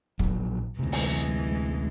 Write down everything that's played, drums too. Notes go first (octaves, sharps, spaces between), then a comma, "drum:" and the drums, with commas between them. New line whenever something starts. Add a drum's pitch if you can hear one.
A#1 F#3, drum: kick
D2 C3 E3 G#3
drum: open hi-hat